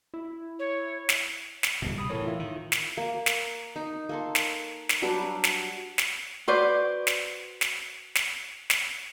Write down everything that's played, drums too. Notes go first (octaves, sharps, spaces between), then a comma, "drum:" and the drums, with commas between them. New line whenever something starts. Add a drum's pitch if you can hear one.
E4
C#5
drum: snare
drum: snare
D1 G2 B2
C3 B5 D#6
A2 E3 A4 A#4 C#5
E4 F4 E5
D#3
drum: snare
A#3
drum: snare
D#4
A#3 A4 C6
drum: snare
drum: snare
F#3 G3 D4 B4
drum: snare
drum: snare
F#4 B4 C5 D5
drum: snare
drum: snare
drum: snare
drum: snare